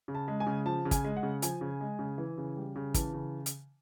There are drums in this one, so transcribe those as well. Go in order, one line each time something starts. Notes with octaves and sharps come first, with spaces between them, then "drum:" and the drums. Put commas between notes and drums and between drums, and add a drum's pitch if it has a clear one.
C#3
A5
G#3
G#5
C#3
F3 A5
C#3
G#5, drum: kick, hi-hat
G#3
F#5
C#3
F3 G#5, drum: hi-hat
C#3
G#3
C#3
E3
C#3
G3
C#3
E3 A5, drum: kick, hi-hat
C#3
drum: hi-hat